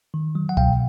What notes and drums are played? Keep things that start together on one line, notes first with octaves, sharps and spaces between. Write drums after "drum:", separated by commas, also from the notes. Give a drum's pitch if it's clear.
D#3
F#3
F#5
B2 F5 G5, drum: kick C2